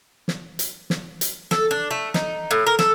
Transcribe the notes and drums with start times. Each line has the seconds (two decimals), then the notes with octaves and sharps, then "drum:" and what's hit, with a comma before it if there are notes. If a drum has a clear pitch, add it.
0.28 drum: snare
0.59 drum: hi-hat
0.90 drum: snare
1.21 drum: hi-hat
1.51 A4, drum: snare
1.71 D4
1.91 A3
2.14 D#4, drum: snare
2.51 A2
2.67 A#4
2.79 A4, drum: snare